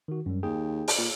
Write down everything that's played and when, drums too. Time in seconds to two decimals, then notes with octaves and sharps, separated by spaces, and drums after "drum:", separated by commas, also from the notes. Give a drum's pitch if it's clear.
0.08 D#3 F#4
0.26 F#2 G3
0.43 D#2 G#4 G5
0.88 drum: open hi-hat
0.98 A#2